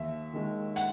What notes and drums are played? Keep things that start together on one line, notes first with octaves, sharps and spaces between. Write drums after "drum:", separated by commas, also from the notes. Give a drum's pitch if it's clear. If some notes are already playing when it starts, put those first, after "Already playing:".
Already playing: D#2 E5
D#3 G#3
F#5, drum: hi-hat